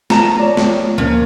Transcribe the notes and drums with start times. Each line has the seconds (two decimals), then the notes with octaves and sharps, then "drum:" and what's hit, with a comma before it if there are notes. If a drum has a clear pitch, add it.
0.10 A5 A#5, drum: snare
0.40 C#5 D5
0.57 drum: snare
0.98 D2 A#2 F3 A#3 C#4